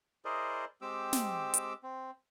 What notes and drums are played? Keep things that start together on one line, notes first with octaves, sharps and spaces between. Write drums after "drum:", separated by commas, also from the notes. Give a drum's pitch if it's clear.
E4 G#4 A#4 C5 D5 D#5
G#3 C4 G4 D6 E6
drum: snare
drum: hi-hat
C4